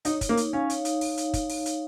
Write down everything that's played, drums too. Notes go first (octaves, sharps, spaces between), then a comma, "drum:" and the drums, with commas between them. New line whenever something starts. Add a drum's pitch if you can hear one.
D#4 C#5, drum: hi-hat
D#4, drum: kick, hi-hat
A#3
D#4, drum: hi-hat
C#4 F5
C#5, drum: hi-hat
D#4, drum: hi-hat
drum: open hi-hat
drum: hi-hat
drum: kick, hi-hat
drum: open hi-hat
drum: hi-hat